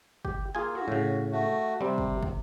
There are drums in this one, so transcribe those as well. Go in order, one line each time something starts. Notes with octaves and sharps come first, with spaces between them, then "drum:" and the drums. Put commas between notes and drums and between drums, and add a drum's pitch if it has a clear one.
G4, drum: kick
A#3 F4 G#4 G#5
F#4, drum: tom
A2 C#3
A3 F#4
C3 G3 C4
drum: kick
drum: kick